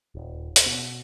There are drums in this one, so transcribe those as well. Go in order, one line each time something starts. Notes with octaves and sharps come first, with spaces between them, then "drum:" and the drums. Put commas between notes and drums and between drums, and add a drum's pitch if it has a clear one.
D#1
drum: hi-hat
B2